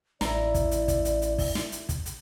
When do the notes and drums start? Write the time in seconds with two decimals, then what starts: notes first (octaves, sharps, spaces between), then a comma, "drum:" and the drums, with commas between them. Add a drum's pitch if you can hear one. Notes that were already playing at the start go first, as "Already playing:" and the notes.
0.21 A1 E4 D5 A#5, drum: snare
0.54 drum: kick, hi-hat
0.71 drum: hi-hat
0.88 drum: kick, hi-hat
1.05 drum: hi-hat
1.22 drum: hi-hat
1.38 drum: kick, open hi-hat
1.55 drum: snare
1.72 drum: hi-hat
1.89 drum: kick, hi-hat
2.06 drum: hi-hat